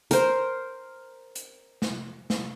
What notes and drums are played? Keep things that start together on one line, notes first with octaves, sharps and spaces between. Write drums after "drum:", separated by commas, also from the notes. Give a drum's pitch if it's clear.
A#4 C5, drum: hi-hat
drum: hi-hat
drum: snare
drum: snare